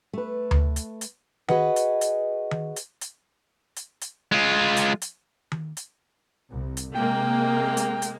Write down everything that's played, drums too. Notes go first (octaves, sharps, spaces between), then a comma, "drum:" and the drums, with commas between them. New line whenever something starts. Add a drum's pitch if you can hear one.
A3 B4
drum: tom D2
drum: hi-hat
drum: hi-hat
F#4 G#4 B4 D#5 F#5, drum: tom D#3
drum: hi-hat
drum: hi-hat
drum: tom D#3
drum: hi-hat
drum: hi-hat
drum: hi-hat
drum: hi-hat
G#3 F4
drum: hi-hat
drum: hi-hat
drum: tom D#3
drum: hi-hat
C2
drum: hi-hat
C3 G#3 A#3 G5
drum: hi-hat
drum: hi-hat